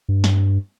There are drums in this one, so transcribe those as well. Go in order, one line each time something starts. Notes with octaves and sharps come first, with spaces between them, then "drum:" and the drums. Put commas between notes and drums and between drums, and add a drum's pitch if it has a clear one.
G2
drum: snare